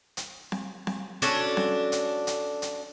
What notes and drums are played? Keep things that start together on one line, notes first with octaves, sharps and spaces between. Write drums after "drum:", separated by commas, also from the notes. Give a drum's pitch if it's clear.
drum: hi-hat
drum: snare C4
drum: snare C4
C#4 D4 F#4 A4, drum: hi-hat
drum: snare C4
drum: hi-hat
drum: hi-hat
drum: hi-hat